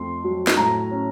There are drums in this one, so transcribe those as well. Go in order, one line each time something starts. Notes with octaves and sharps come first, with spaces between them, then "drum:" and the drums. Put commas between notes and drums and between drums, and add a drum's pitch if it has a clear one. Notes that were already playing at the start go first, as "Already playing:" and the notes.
Already playing: F2 A3 C6
F#3
drum: snare
A2 A#5
C#4